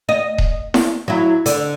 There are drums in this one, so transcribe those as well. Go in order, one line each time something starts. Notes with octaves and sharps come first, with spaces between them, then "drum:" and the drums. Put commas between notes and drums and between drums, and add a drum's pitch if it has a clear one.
D#5
drum: kick D#1
drum: snare E4
F#3 E4
D3, drum: hi-hat